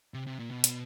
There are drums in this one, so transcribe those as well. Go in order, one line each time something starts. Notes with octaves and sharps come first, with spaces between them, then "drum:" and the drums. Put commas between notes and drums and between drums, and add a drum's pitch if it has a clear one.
C3
C3
A#2
B2
drum: hi-hat